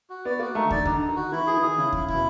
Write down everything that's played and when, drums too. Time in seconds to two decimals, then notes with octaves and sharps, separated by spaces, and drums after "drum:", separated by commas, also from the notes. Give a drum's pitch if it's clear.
0.10 F#4
0.25 B3 D5
0.40 A#3 F#4
0.55 A3 D#4
0.65 D3
0.71 D#3 D5, drum: kick
0.85 D3 D#4, drum: kick
1.01 D#4
1.09 D#3
1.16 F#4
1.32 E3 E4
1.47 E3 G#4
1.58 E3
1.62 D#3 G#4
1.77 C#3 E4
1.93 E4, drum: kick
2.08 E4, drum: kick
2.14 B2